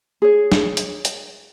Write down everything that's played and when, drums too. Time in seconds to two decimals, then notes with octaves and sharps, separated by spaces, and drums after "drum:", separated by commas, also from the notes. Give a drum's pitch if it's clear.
0.22 G#4 C#5
0.52 drum: snare
0.77 drum: hi-hat
1.05 drum: hi-hat